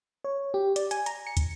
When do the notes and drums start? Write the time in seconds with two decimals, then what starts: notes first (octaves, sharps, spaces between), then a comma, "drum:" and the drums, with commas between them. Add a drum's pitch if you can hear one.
0.24 C#5
0.54 G4
0.76 D5, drum: hi-hat
0.91 G#5, drum: hi-hat
1.06 A#5, drum: hi-hat
1.27 C#7
1.37 drum: kick, hi-hat